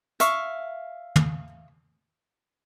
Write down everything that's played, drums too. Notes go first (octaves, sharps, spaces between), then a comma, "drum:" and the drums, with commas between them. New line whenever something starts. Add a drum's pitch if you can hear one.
E5 F5 C#6, drum: hi-hat
drum: tom